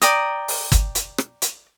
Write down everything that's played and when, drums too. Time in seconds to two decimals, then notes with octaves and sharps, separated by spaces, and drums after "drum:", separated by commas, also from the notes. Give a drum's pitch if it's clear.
0.02 D5 G5 A#5 D#6, drum: hi-hat
0.48 drum: open hi-hat
0.72 drum: kick, hi-hat
0.95 drum: hi-hat
1.18 drum: rim click
1.42 drum: hi-hat